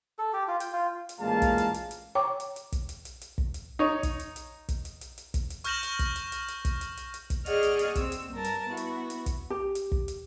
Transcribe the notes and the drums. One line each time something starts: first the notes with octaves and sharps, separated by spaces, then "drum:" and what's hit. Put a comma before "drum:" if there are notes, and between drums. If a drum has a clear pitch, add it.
A4
G4
F4
G5, drum: hi-hat
F4
drum: hi-hat
A1 A#2 G#3 A#3 F5 A5
drum: kick, hi-hat
drum: hi-hat
drum: hi-hat
drum: hi-hat
C#5 G5 A#5 C#6 D6
drum: hi-hat
drum: hi-hat
drum: kick, hi-hat
drum: hi-hat
drum: hi-hat
drum: hi-hat
drum: kick
drum: hi-hat
D#4 C#5
drum: kick, hi-hat
drum: hi-hat
drum: hi-hat
drum: kick, hi-hat
drum: hi-hat
drum: hi-hat
drum: hi-hat
drum: kick, hi-hat
drum: hi-hat
C#6 F6 G6 A#6 E7 F#7, drum: hi-hat
drum: hi-hat
drum: kick, hi-hat
drum: hi-hat
drum: hi-hat
drum: hi-hat
drum: kick, hi-hat
drum: hi-hat
drum: hi-hat
drum: hi-hat
drum: kick, hi-hat
G#4 D5 D#5 F#5 C#6 F6, drum: hi-hat
drum: hi-hat
drum: hi-hat
C4 E6, drum: kick, hi-hat
drum: hi-hat
G2 A#4 A5
drum: hi-hat
B3 E4 F#4
drum: hi-hat
drum: hi-hat
drum: kick, hi-hat
G4
drum: hi-hat
drum: kick
drum: hi-hat